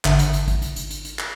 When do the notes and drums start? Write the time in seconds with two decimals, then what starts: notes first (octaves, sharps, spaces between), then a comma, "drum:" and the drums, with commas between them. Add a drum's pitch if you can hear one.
0.05 G#1 D3 E5 F#5 A5, drum: clap
0.19 drum: hi-hat
0.33 drum: hi-hat
0.48 drum: kick, hi-hat
0.62 drum: hi-hat
0.76 drum: hi-hat
0.91 drum: hi-hat
1.05 drum: hi-hat
1.19 drum: clap